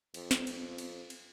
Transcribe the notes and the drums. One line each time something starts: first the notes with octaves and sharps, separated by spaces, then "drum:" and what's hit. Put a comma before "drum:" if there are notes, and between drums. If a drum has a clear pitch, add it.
F2, drum: cymbal
drum: snare
F2, drum: cymbal
drum: cymbal
drum: cymbal